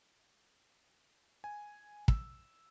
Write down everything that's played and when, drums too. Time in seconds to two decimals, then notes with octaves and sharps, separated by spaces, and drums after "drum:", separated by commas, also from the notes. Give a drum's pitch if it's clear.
1.44 G#5
2.08 E6, drum: kick